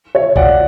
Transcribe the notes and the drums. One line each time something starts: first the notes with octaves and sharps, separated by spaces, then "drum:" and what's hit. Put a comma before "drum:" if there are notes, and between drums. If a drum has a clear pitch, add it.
C#5 E5
D5 F#5, drum: kick